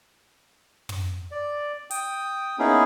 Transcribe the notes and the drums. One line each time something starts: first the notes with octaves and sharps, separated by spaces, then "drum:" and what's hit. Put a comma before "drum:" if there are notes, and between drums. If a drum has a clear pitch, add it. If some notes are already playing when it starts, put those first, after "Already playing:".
drum: tom
D5
G5 D#6, drum: hi-hat
A#3 B3 C#4 D#4 E4 G#4